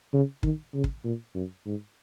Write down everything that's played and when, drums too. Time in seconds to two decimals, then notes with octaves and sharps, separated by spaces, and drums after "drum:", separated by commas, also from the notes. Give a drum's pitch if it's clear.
0.13 C#3
0.43 D#3, drum: kick
0.74 C#3
0.84 drum: kick
1.04 A#2
1.35 F#2
1.66 G#2